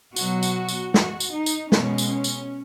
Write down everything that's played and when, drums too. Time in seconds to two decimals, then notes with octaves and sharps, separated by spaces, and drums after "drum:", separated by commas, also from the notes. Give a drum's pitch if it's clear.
0.16 B2 F#3 F#4, drum: tambourine
0.43 drum: tambourine
0.69 drum: tambourine
0.94 F#4, drum: snare
1.20 drum: tambourine
1.33 D#4
1.46 drum: tambourine
1.72 B2 G#3 C#4, drum: snare
1.98 drum: tambourine
2.11 C#4
2.24 drum: tambourine